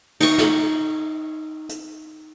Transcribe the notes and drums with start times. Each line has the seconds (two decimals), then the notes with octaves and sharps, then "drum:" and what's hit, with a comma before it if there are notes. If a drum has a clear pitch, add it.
0.20 D#4 C#6, drum: cymbal
0.38 drum: snare
1.69 drum: hi-hat